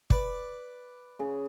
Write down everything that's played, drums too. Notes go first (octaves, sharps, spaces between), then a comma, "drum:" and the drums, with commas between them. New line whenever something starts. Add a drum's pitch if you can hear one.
B4 D5, drum: kick
C#3 G#4